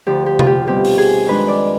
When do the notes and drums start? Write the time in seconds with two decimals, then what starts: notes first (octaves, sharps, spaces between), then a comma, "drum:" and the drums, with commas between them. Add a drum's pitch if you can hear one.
0.06 D2 D3 F3 G4
0.26 G4
0.39 F4, drum: tom C3
0.47 G4
0.67 B2 G3 C4 G4
0.85 drum: open hi-hat
0.98 G#4
1.26 F2 D#3 G#3 D4 B4
1.48 D5